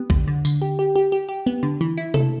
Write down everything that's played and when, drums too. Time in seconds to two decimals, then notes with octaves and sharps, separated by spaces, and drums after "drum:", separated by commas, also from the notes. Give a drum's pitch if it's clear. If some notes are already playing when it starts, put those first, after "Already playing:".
Already playing: B3 G4
0.10 D3, drum: kick A#1
0.28 D3
0.45 D3, drum: tambourine
0.62 G4
0.79 G4
0.96 G4
1.12 G4
1.29 G4
1.46 B3
1.63 D3
1.81 E3
1.98 E4
2.14 A4, drum: tom C3